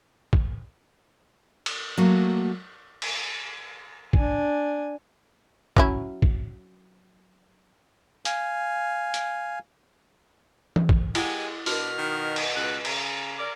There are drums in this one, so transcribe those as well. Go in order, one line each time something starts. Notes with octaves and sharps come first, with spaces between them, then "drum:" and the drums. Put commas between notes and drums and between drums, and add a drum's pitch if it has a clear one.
drum: kick
drum: cymbal
F#3 A3 A#3 F#4
drum: cymbal
D4 G#5, drum: kick
F#3 C#4 E4, drum: kick
drum: kick
F5 G#5, drum: hi-hat
drum: hi-hat
drum: tom E3
drum: kick
G#3 E4 G4 F5 F#5 G#5, drum: cymbal
B2 D4 F#4 A#4 F6, drum: open hi-hat
D#3
drum: cymbal
C#2 F#6
C#3 A#5, drum: cymbal
A#4 D5